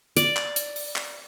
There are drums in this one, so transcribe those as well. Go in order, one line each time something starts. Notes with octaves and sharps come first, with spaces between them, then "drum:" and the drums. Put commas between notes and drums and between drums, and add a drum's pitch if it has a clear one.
D5, drum: hi-hat
drum: clap
drum: hi-hat
drum: open hi-hat
drum: clap